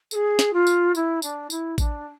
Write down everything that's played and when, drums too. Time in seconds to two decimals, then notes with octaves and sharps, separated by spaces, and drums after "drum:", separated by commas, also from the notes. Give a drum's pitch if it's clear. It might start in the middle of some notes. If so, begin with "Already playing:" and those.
0.11 A4, drum: tambourine
0.15 G#4
0.39 drum: snare
0.53 F4
0.67 drum: tambourine
0.95 E4, drum: tambourine
1.22 D4, drum: tambourine
1.50 E4, drum: tambourine
1.78 D4, drum: kick A1, tambourine